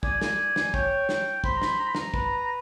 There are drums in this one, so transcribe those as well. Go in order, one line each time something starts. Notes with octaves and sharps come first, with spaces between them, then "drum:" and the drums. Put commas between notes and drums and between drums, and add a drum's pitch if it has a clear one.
D5 G#5, drum: kick
G#5, drum: snare
drum: snare
C#5 G5, drum: kick
G5, drum: snare
C5 B5, drum: kick
A#5
B5, drum: snare
A#5
B5
A#5, drum: snare
B4, drum: kick